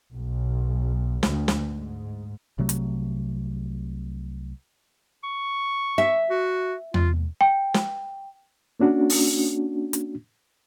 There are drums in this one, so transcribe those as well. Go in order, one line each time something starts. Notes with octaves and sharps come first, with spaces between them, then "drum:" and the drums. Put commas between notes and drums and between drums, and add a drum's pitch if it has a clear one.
B1
D2, drum: snare
drum: snare
G#2
C2 C3 F#3 A3
drum: hi-hat
C#6
E5
F#4
F4, drum: tom E2
G5
drum: snare
A#3 C#4 D4 F#4
drum: open hi-hat
drum: hi-hat